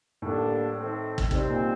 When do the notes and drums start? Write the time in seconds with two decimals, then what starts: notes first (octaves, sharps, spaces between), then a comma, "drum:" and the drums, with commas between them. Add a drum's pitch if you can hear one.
0.22 A2 D3 G3 A#3 D4 A4
0.77 D#3 A3 C4
1.18 drum: kick
1.31 C3 D#3 G3 C4, drum: kick
1.50 A#2